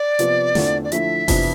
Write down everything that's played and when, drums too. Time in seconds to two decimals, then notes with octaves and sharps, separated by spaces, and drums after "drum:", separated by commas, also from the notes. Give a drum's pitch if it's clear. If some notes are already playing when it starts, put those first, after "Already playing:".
Already playing: D5
0.19 C3 F3 B3 F4, drum: hi-hat
0.55 E2 D3 A3 C4 F4, drum: snare
0.84 D5
0.92 D3 F3 A3 E4 E5, drum: hi-hat
1.28 F2 C3 E3 B3 D4, drum: kick F#1, open hi-hat